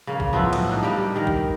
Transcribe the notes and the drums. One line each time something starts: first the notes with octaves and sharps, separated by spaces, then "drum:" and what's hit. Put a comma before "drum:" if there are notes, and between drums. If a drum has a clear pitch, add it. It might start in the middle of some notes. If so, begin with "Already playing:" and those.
C#3 A#3
drum: kick B1
F3 F#3 B3 E4
A2, drum: cymbal
D4 D#4
G3 A#3 G4
D#3 A#4
drum: kick B1